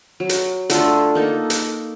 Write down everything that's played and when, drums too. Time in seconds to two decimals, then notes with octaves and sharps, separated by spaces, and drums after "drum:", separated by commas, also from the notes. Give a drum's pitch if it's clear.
0.20 F#3
0.29 drum: hi-hat
0.70 D3 A3 F4 A4, drum: hi-hat
1.15 A#3 D#4 A4
1.50 drum: hi-hat